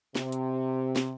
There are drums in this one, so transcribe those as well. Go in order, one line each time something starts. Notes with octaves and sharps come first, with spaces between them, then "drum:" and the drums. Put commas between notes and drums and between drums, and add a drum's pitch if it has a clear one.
C3, drum: snare
drum: hi-hat
drum: snare